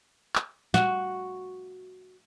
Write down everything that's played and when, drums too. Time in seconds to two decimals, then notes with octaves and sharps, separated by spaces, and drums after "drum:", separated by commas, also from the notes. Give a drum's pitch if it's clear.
0.36 drum: clap
0.74 F#4, drum: snare